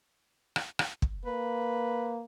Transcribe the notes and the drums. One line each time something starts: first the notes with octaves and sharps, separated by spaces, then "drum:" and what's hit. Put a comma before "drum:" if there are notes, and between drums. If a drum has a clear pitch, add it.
drum: rim click
drum: rim click
drum: kick
A#3 B4